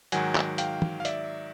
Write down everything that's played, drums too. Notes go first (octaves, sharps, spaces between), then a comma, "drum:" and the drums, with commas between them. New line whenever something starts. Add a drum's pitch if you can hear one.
G#2 D#3 F#3 F#5 G#5, drum: hi-hat
drum: clap
F5 G5, drum: hi-hat
drum: tom
F5
D5 E5, drum: hi-hat